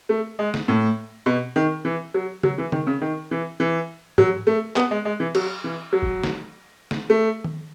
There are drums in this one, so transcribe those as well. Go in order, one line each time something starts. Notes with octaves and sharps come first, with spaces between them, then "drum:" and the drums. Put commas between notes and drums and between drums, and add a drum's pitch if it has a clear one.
A3
G#3
drum: snare
A2
B2
D#3
E3
F#3
F#3, drum: tom C#3
E3
D#3, drum: tom C#3
C#3
D#3
E3
E3
F#3, drum: tom
A3
B3, drum: clap
G#3
G#3
E3
F#3, drum: cymbal
E3
F#3
drum: kick F#1
drum: snare
drum: snare
A3
drum: tom D#3